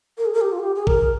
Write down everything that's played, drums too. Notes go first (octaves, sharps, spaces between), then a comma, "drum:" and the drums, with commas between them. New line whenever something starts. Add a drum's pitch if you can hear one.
A#4
G#4
A#4
G4
F4
G#4
G4
G#4
A#4, drum: kick